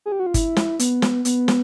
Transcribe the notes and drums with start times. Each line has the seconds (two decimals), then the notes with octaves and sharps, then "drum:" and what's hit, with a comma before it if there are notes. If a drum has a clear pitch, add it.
0.06 G#4
0.12 G4
0.20 F#4
0.26 F4
0.34 E4, drum: kick G1, hi-hat
0.56 drum: snare
0.79 B3, drum: hi-hat
1.02 drum: snare
1.25 B3, drum: hi-hat
1.48 drum: snare